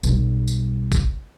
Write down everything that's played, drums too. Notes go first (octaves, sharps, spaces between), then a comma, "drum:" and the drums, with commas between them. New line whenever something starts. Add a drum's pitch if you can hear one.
B1 G3, drum: tambourine
drum: tambourine
drum: kick, tambourine